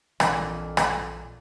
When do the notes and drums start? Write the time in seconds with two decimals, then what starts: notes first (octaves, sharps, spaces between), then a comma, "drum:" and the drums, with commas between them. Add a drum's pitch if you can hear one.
0.20 A#1 F2 A#2 E3 D4, drum: rim click
0.77 drum: rim click